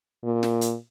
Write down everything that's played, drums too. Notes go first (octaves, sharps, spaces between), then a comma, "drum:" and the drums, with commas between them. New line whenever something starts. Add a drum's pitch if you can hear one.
A#2
drum: snare
drum: hi-hat